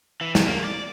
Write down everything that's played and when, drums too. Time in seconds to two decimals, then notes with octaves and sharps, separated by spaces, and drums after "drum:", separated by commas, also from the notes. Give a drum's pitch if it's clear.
0.21 E3
0.35 C3, drum: snare
0.47 A#3
0.64 D5